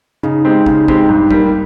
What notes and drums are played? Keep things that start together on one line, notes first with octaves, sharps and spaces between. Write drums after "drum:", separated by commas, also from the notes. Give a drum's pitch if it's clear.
C#3 D#4, drum: tom G2
G#3 C4 G4
C#3, drum: kick
G#3 C4 G4, drum: kick
G2
G3 A#3, drum: kick